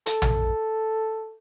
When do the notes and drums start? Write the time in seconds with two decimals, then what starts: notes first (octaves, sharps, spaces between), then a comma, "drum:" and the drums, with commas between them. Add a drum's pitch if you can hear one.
0.06 A4, drum: hi-hat
0.22 drum: tom